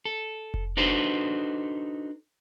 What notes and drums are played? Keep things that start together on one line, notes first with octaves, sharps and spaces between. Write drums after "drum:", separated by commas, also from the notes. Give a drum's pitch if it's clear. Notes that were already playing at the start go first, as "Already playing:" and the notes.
A4
drum: kick F1
D4 D#4 F#4 A4 B4 C5